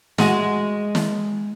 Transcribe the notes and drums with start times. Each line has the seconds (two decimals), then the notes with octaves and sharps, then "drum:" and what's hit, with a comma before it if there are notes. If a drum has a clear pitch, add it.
0.18 G#3 F#4, drum: snare
0.95 drum: snare